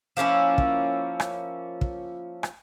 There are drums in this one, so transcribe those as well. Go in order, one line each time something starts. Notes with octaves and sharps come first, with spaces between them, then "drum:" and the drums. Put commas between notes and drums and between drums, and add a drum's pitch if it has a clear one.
F3 A#3 C#4 E4
drum: kick
drum: rim click
drum: kick
drum: rim click